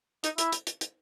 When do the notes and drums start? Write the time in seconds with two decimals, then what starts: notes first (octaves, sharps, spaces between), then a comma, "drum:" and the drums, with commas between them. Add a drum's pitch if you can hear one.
0.24 D#4, drum: hi-hat
0.38 E4, drum: hi-hat
0.52 drum: hi-hat
0.67 drum: hi-hat
0.81 drum: hi-hat